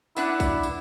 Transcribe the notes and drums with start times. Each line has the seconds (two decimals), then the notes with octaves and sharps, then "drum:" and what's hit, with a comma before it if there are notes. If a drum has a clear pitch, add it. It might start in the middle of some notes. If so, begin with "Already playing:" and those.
0.16 B3 D4 E4 F#5, drum: tambourine
0.40 drum: kick B1, tambourine
0.63 drum: tambourine